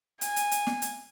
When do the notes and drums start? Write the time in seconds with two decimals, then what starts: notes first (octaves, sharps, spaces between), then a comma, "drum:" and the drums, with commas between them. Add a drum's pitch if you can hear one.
0.21 G#5, drum: hi-hat
0.36 drum: hi-hat
0.51 drum: hi-hat
0.67 drum: snare
0.82 drum: hi-hat